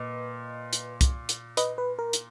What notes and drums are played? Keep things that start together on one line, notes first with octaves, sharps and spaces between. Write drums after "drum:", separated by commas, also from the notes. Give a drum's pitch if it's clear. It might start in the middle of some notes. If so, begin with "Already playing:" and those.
Already playing: A#2 B4 D#5
drum: hi-hat
drum: kick, hi-hat
drum: hi-hat
B4 D#5, drum: hi-hat
B4
A#4
drum: hi-hat